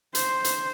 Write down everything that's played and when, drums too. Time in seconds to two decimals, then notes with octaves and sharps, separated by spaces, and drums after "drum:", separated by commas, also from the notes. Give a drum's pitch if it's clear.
0.15 C5, drum: hi-hat
0.45 drum: hi-hat